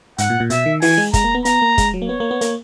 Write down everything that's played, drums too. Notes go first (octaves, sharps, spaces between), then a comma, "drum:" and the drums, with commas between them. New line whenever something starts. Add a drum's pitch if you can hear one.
G#2 F#5, drum: hi-hat
A#2
A#2
B2 E5, drum: hi-hat
D#3
E3 G#5, drum: open hi-hat
G#3
G#3 A#5, drum: kick, hi-hat
A#3
B3
B3 A#5, drum: hi-hat
A#3
G#3, drum: kick, hi-hat
F#3
A#3
B3 C#5
A#3
B3
A#3, drum: hi-hat